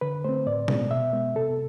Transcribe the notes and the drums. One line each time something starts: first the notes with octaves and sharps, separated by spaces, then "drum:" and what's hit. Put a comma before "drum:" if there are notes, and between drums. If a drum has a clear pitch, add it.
D3 B4
A3 C4 C5
A2 D5
G#3 B3, drum: tom B2
B2 E5
G#3 B3
C3 A4